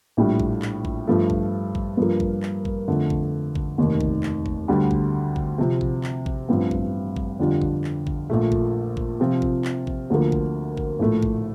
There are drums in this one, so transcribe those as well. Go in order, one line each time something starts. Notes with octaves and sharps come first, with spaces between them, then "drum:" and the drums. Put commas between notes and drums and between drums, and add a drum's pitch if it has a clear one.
A#1 A2 G3 D4
drum: kick A1
drum: clap
drum: kick A1
G2 F3 A3
drum: kick A1
drum: kick A1
G2 F3 A#3
drum: kick A1
drum: clap
drum: kick A1
F2 D3 A3
drum: kick A1
drum: kick A1
F1 D#2 D#3
drum: kick A1
drum: clap
drum: kick A1
D2 D3 G3
drum: kick A1
drum: kick A1
C3 F3 C4
drum: kick A1
drum: clap
drum: kick A1
A1 G2 F3 C4
drum: kick A1
drum: kick A1
F2 D3 G3 D4 F4
drum: kick A1
drum: clap
drum: kick A1
A#1 A#2 A3
drum: kick A1
drum: kick A1
C3 F3 C4 F4
drum: kick A1
drum: clap
drum: kick A1
D2 D3 F3 A#3
drum: kick A1
drum: kick A1
A#1 A2 A3
drum: kick A1